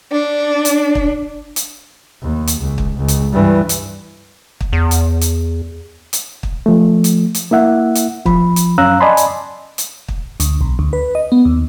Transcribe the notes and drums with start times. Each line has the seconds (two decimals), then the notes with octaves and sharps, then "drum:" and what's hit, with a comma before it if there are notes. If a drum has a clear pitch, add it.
0.10 D4
0.65 drum: hi-hat
0.95 drum: kick
1.56 drum: hi-hat
2.22 D#2
2.47 drum: hi-hat
2.59 C#2
2.78 drum: kick
2.97 C#2
3.08 drum: hi-hat
3.33 G2 E3
3.69 drum: hi-hat
4.61 drum: kick
4.73 E2
4.91 drum: hi-hat
5.21 drum: hi-hat
6.13 drum: hi-hat
6.43 drum: kick
6.66 F3 A3
7.04 drum: hi-hat
7.34 drum: hi-hat
7.51 A#3 E4 E5 F#5
7.95 drum: hi-hat
8.26 F3 B5, drum: kick
8.56 drum: hi-hat
8.78 F#2 C#4 F5 A#5 E6 F#6
9.00 D5 D#5 G#5 A5 B5 C6
9.17 drum: hi-hat
9.78 drum: hi-hat
10.08 drum: kick
10.40 D2, drum: hi-hat
10.61 B1
10.79 D2
10.93 B4
11.15 D#5
11.32 B3
11.45 D#2